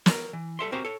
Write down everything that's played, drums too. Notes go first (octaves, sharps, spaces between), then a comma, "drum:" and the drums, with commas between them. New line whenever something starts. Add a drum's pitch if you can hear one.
A#4 C#5, drum: snare
E3
G3 A4 E5 C6
C4 F#4 G4 A#4 C5 F5
A4 C#5